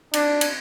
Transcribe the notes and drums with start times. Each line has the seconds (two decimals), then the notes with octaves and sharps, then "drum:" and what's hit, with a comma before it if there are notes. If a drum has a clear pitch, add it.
0.13 D4, drum: cymbal
0.41 drum: cymbal